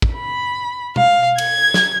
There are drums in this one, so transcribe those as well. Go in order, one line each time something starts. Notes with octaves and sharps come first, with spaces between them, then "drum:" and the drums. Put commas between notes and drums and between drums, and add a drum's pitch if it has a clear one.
drum: kick
B5
F5, drum: tom B2
G#6, drum: cymbal
drum: snare